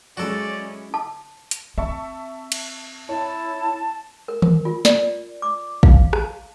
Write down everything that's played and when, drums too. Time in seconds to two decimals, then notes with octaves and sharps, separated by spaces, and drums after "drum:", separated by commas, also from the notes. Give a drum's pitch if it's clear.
0.17 F#3 G#3 C#4 E4 F#4 A4 D5
0.94 A5
1.51 drum: hi-hat
1.78 C4 E5 A5 C#6
2.52 drum: cymbal
3.09 E4 C#5 A5
4.28 A#4
4.42 A#4, drum: tom D#3
4.65 F4
4.85 D5, drum: snare
5.42 D6
5.83 F5, drum: kick
6.13 A5, drum: rim click